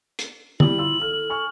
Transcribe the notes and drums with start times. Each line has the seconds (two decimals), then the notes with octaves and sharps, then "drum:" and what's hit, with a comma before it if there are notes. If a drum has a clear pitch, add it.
0.19 drum: hi-hat
0.60 G3 E4 G4 F#7, drum: tom
0.78 F4 F5 E6
1.02 A4 F6
1.30 G#5 C#6 F6